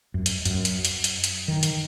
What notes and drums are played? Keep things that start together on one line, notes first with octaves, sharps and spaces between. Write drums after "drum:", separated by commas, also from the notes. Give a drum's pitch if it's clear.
F#2
drum: hi-hat
F#2, drum: hi-hat
drum: hi-hat
drum: hi-hat
drum: hi-hat
drum: hi-hat
D#3
drum: hi-hat